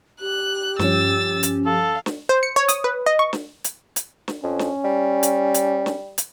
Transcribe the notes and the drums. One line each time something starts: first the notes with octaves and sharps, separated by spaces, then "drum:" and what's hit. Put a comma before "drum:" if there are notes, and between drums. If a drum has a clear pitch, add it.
G4 F#6
G2 F3 C#4 E6 A6, drum: snare
drum: hi-hat
A4 F5
drum: snare
C5
C#7
C#5
D#6, drum: hi-hat
B4
D#5
C#6
drum: snare
drum: hi-hat
drum: hi-hat
drum: snare
F2 C#4
drum: snare
G3
drum: hi-hat
drum: hi-hat
drum: snare
drum: hi-hat